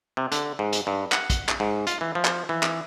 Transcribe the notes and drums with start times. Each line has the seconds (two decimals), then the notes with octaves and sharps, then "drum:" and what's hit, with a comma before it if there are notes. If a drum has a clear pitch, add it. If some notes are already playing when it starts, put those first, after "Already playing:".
0.17 C3
0.32 D3, drum: hi-hat
0.59 G#2
0.73 drum: hi-hat
0.87 G2
1.12 F#5, drum: clap
1.30 drum: kick, hi-hat
1.49 drum: clap
1.60 G#2
1.87 F4, drum: hi-hat
2.01 E3
2.15 F3
2.25 drum: clap
2.49 E3
2.63 drum: clap